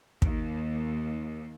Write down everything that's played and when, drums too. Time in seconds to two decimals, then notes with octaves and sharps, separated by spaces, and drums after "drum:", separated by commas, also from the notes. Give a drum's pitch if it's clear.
0.22 D#2, drum: kick